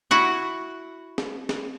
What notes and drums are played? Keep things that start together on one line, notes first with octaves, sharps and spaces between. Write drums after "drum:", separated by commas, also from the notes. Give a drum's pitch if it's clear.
E4 F#4 F#5
drum: snare
drum: snare